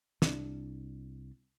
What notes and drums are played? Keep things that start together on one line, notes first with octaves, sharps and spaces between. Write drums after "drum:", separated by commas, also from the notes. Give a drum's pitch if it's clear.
C2 F3 D4, drum: snare